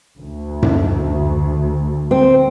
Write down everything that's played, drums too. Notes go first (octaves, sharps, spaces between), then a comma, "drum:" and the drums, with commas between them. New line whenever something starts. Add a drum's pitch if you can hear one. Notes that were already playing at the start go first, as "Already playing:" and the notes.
D2
drum: tom F#2
C4